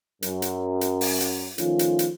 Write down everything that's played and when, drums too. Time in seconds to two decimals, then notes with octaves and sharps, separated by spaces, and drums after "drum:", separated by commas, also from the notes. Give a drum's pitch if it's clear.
0.22 F#2, drum: hi-hat
0.42 drum: hi-hat
0.81 drum: hi-hat
1.01 drum: open hi-hat
1.20 drum: hi-hat
1.58 D#3 F3 A3 C#4 F4, drum: hi-hat
1.79 drum: hi-hat
1.99 drum: hi-hat